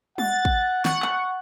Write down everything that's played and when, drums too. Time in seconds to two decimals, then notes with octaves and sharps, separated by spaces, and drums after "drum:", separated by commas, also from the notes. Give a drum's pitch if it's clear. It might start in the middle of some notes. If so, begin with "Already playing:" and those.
0.18 F#5 A6, drum: tom G3
0.45 drum: kick
0.85 F#5 C#6, drum: snare
1.02 drum: clap